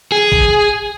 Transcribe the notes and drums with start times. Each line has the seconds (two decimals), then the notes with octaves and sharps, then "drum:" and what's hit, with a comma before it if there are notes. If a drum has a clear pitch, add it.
0.12 G#4
0.32 drum: kick